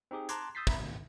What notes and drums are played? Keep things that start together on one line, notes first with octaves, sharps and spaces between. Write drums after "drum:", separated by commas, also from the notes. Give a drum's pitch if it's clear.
C4 D#4 G4 G#4
A5 A#5 C6 D6 F#6 G#6, drum: hi-hat
D#6 E6 G6 A6 B6 C7
E5 A#5 B5, drum: kick
D2
G#1